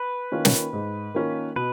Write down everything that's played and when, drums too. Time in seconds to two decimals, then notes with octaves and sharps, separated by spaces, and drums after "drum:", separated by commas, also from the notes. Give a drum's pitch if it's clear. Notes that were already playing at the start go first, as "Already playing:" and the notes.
Already playing: B4
0.32 D#3 A#3 C#4 F4
0.45 drum: snare
0.73 G#2
1.14 D#3 A#3 C#4 F4
1.56 B2 B4